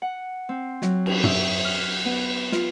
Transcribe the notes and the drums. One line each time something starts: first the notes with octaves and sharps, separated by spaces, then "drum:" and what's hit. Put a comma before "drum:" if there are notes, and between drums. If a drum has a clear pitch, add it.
F#5
C4
F#3, drum: snare
drum: cymbal
E5, drum: tom
F6
B3
F4, drum: snare